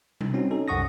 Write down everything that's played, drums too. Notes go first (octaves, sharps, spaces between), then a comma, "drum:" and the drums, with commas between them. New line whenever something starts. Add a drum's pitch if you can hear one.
C3, drum: tom G3
G3 C4 C#4 D#4 F#4
C#4 D#4 A4
C2 F#2 F#5 C#6 D#6 A#6